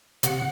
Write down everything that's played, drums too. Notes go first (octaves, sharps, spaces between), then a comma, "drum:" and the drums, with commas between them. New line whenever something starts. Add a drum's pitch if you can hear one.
C3 F#5, drum: hi-hat